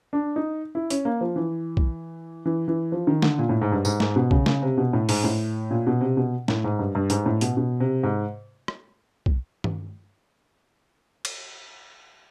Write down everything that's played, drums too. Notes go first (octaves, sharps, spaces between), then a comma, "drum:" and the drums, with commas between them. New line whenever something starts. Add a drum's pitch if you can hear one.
D4
D#4
E4
C#4, drum: hi-hat
A#3
F3
E3
drum: kick B1
E3
E3
F3
D#3
D3, drum: snare
A#2
A2
G#2
G2
G#2, drum: tambourine
G#2, drum: snare
B2
C#3, drum: kick B1
C#3, drum: snare
C3
B2
A2
G#2, drum: open hi-hat
A2
A#2
B2
C3
B2
A2, drum: snare
G#2
G2
G2
G#2, drum: hi-hat
A2
B2, drum: hi-hat
B2
C3
G#2
drum: rim click
drum: kick B1
drum: tom
drum: cymbal